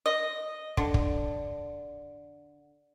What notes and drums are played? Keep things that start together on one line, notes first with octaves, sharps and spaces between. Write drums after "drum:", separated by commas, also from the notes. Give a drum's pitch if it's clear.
D#5
D3, drum: kick
drum: kick